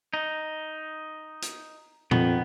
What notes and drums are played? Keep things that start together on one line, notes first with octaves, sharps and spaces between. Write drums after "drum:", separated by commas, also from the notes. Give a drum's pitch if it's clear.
D#4
drum: hi-hat
F2 D#3 B3, drum: tom A#2